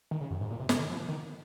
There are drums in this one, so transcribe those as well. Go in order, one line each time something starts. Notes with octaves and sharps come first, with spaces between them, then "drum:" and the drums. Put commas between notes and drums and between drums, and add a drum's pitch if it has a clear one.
D#3
C#3
F#2
G#2
A#2
C3
C#3, drum: snare
D#3
F3
D#3